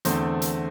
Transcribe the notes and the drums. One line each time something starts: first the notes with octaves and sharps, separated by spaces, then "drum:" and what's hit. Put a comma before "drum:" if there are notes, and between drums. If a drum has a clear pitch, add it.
E2 D3 A3 C4 C5, drum: hi-hat
drum: hi-hat